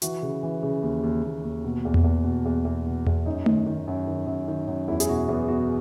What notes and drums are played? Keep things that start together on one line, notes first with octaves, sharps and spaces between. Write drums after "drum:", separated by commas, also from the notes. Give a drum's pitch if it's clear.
E3 F#4, drum: hi-hat
C#3
E3
C#3
D#2
D#2
D#2
D#2
B2
E2
drum: tom E2
E2
B2
E2
E2
B2
E2, drum: tom E2
F#2 D#4
D#3, drum: tom A3
D#3
F#2
D#3
F#2
D#3
F#2
E2 E4
G#4, drum: hi-hat
B2 F#4
E2 B3
B2 F#4